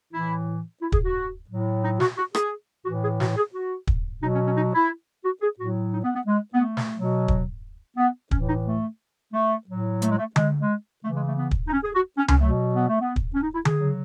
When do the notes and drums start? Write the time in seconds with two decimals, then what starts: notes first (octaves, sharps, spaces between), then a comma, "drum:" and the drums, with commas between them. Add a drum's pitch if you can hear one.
0.13 A2 E3 E4
0.82 E4
0.92 G#4, drum: kick
1.04 F#4
1.50 A2 F#3
1.83 D#4
2.00 F#4, drum: snare
2.17 F#4
2.35 G#4, drum: rim click
2.85 A2 E3 F#4
3.03 G#4
3.20 F#4, drum: snare
3.36 G#4
3.54 F#4
3.87 drum: kick
4.21 B2 F#3 D#4
4.34 C#4
4.45 C#4
4.56 D#4
4.73 E4
5.24 F#4
5.41 G#4
5.58 A2 F#3 F#4
5.92 D#4
6.04 B3
6.15 B3
6.26 G#3
6.53 B3
6.60 A3
6.77 drum: snare
6.95 B2 F#3
7.28 drum: kick
7.97 B3
8.31 A2 E3 C#4, drum: kick
8.48 D#4
8.65 A3
9.33 A3
9.68 A2 F#3
10.02 A3, drum: hi-hat
10.10 G#3
10.18 A3
10.36 G#3, drum: tom D3
10.60 G#3
11.03 C#3 E3 A3
11.16 G#3
11.26 A3
11.38 B3
11.51 drum: kick
11.68 D#4
11.72 C#4
11.83 G#4
11.94 F#4
12.17 C#4
12.28 C#4, drum: tom C#2
12.40 B2 F#3 A3
12.74 B3
12.88 A3
13.00 B3
13.16 drum: kick
13.34 C#4
13.42 D#4
13.54 E4
13.65 G#4, drum: tom D3
13.76 C#3 F#3